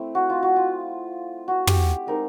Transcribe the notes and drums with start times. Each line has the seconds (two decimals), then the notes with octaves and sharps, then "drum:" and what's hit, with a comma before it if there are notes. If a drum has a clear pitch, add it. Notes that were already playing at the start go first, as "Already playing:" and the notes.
Already playing: A3 C4 E4
0.15 F#4
0.30 F4
0.43 F#4
0.56 F4
1.48 F#4
1.67 G4, drum: tom
2.07 G#3 C4 D#4 A#4